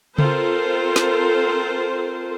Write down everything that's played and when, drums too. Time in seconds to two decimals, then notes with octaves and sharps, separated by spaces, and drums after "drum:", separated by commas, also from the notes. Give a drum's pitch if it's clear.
0.18 C4 F4 A4 A#4 C5, drum: tom C#3
0.96 drum: snare